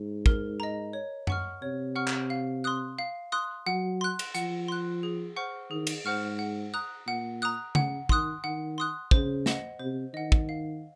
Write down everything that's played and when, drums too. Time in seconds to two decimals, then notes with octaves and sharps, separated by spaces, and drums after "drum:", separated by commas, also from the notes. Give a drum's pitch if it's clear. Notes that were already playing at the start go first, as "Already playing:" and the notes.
Already playing: G#2
0.26 A#4, drum: kick
0.60 D#5 A#5
0.93 C#5
1.27 F#5 C#6 F6, drum: tom F#2
1.62 C3 C#5
1.96 F#5 C#6 F6
2.08 drum: clap
2.30 F5
2.64 C6 D#6 F#6
2.99 F5
3.32 C6 D#6 F#6
3.66 F#3 F#5
4.01 C6 F#6
4.19 drum: cymbal
4.35 F3 F#5, drum: hi-hat
4.68 C6 F#6
5.03 G#4
5.36 C5 F#5 C#6 F6
5.71 D#3 G#4
5.87 drum: cymbal
6.05 G#2 C5 F#5 C#6 F6
6.39 F#5
6.74 A#5 D#6 F#6
7.07 A#2 F#5
7.42 A#5 D#6 F#6
7.75 C#3 F#5, drum: tom C#3
8.09 D#3 C6 D#6 F#6, drum: kick
8.44 D#3 F#5
8.78 C6 D#6 F#6
9.11 C#3 C5, drum: kick
9.46 D#5 F#5, drum: snare
9.80 C3 C5
10.14 D#3 D#5 F#5
10.32 drum: kick
10.49 F5